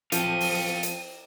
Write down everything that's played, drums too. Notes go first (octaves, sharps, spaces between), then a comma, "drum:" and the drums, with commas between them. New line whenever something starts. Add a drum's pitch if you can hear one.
F3 C4 A4 F5 D#7, drum: hi-hat
drum: open hi-hat
drum: cymbal
drum: hi-hat